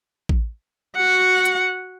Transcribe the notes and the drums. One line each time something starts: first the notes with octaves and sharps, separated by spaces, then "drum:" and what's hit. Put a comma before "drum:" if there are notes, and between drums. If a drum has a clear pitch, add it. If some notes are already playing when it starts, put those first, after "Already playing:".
drum: kick A1
F#4 F#5
drum: hi-hat